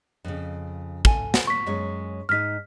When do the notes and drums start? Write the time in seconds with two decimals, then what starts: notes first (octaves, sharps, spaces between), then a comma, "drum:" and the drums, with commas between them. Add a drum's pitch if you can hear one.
0.25 F2 C#3
1.05 A4 G#5, drum: kick
1.34 drum: snare
1.47 C#6 B6
1.66 F#2 G#3 C#5
2.29 G#2 D#4 F6 B6